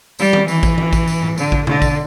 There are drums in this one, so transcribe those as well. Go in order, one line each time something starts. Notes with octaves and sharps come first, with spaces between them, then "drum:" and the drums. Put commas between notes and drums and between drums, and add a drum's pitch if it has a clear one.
G3, drum: tambourine
drum: tom D#3
E3, drum: tambourine
drum: kick A1, tambourine
drum: tom E3
drum: kick A1, tambourine
drum: tambourine
drum: tom G#2
D3, drum: tambourine
drum: kick A1
D3, drum: tom B2
drum: kick A1, tambourine